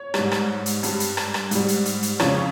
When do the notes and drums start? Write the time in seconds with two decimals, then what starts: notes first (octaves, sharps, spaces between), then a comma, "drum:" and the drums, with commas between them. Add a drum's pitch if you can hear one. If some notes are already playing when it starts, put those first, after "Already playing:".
Already playing: C#5
0.14 G#2 G3, drum: rim click
0.32 drum: rim click
0.66 drum: hi-hat
0.83 G2 G3, drum: hi-hat
1.00 drum: hi-hat
1.17 drum: rim click
1.34 drum: rim click
1.51 G#2 G3, drum: hi-hat
1.68 drum: hi-hat
1.85 drum: hi-hat
2.03 drum: hi-hat
2.19 F2 C#3 F3 C#5, drum: rim click